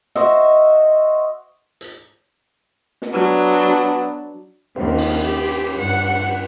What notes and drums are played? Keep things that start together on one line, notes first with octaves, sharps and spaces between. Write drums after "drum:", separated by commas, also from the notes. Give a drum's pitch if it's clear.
F#4 C5 D#5 E5, drum: snare
drum: hi-hat
drum: snare
F#3 B3 D4
D#2 C4, drum: cymbal
drum: open hi-hat
G4, drum: hi-hat
G2 F#5